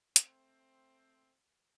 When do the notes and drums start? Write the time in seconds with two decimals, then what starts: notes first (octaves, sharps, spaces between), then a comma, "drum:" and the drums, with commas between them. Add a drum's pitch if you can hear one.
0.16 A3 C4, drum: hi-hat